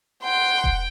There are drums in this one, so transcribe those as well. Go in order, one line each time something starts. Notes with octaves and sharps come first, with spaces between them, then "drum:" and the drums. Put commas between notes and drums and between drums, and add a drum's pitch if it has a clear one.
F#5 G5 C6
drum: kick E1